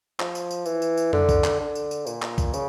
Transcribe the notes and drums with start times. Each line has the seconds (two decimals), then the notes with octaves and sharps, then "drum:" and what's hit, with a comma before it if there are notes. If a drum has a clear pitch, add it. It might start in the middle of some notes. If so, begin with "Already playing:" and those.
0.20 F3, drum: clap
0.35 drum: tambourine
0.51 drum: tambourine
0.66 E3, drum: tambourine
0.82 drum: tambourine
0.97 drum: tambourine
1.13 D3, drum: tom F2
1.29 drum: kick B1, tambourine
1.44 drum: clap
1.60 D3
1.75 drum: tambourine
1.91 drum: tambourine
2.07 A#2, drum: tambourine
2.22 drum: clap
2.38 drum: kick B1, tambourine
2.54 C#3, drum: tambourine